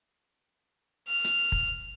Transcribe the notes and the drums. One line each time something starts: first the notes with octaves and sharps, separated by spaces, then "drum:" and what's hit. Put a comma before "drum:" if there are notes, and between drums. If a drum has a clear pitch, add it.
F6
drum: hi-hat
drum: kick